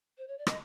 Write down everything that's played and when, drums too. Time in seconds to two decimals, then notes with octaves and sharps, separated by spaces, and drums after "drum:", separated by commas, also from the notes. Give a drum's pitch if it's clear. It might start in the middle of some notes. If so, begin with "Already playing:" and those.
0.18 C5
0.28 C#5
0.38 D5
0.47 D#5, drum: rim click